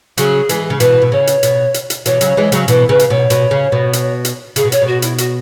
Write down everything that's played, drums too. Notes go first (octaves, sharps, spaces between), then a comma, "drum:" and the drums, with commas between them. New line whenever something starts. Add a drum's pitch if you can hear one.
C#3 F#3 G#4, drum: hi-hat
E3 G#3, drum: hi-hat
C#3
B2 E3 B4, drum: hi-hat
B2
C#3 C#5
drum: hi-hat
B2, drum: hi-hat
drum: hi-hat
drum: hi-hat
B2 E3 C#5, drum: hi-hat
C#3 F#3, drum: hi-hat
E3 G#3
C#3 F#3, drum: hi-hat
B2 E3 B4, drum: hi-hat
C#3 B4
drum: hi-hat
B2 C#5
B2, drum: hi-hat
C#3
B2
drum: hi-hat
drum: hi-hat
C#3 G#4, drum: hi-hat
B2
C#5, drum: hi-hat
B2
F#4
E4, drum: hi-hat
F#4, drum: hi-hat